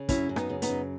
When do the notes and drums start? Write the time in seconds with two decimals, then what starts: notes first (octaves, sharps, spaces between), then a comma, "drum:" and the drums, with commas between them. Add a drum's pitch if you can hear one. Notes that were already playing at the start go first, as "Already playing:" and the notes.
Already playing: C#3
0.09 F#2 C#4 E4, drum: kick, hi-hat
0.29 F#2
0.36 B3 D#4, drum: rim click
0.50 C#3
0.62 B3 D#4, drum: hi-hat
0.69 F#2